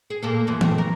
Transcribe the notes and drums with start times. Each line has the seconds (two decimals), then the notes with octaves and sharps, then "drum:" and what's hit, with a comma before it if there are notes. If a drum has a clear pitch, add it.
0.10 G#4
0.22 A#2 A#3 A4
0.47 F#2 E3 F3
0.61 G2 A3 C4, drum: tom
0.78 A#4